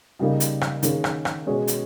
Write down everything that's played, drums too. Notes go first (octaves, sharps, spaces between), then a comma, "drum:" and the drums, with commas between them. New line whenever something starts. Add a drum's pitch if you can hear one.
C#3 G3 A#3 D#4
drum: hi-hat
drum: rim click
D#3 A#3 C#4 G#4, drum: hi-hat
drum: rim click
drum: rim click
B2 G#3 C#4 G#4 C#5
drum: hi-hat